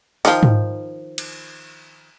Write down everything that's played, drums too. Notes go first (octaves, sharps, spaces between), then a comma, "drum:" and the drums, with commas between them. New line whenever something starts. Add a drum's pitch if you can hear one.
D#3 F3, drum: open hi-hat
drum: tom G#2
drum: cymbal